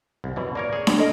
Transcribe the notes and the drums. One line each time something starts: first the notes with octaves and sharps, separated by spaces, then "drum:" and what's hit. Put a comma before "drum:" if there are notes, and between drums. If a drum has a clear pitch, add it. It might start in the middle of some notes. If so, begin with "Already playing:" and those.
C2
F#2 B2 E3
A#3 A#4 C#5 D5
G#4 C#5
drum: snare D4
A4 A#4 D#5